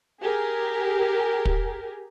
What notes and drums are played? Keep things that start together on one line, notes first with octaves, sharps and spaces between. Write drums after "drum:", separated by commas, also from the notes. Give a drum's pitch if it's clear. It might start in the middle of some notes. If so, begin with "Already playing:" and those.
G4 G#4 A#4
drum: kick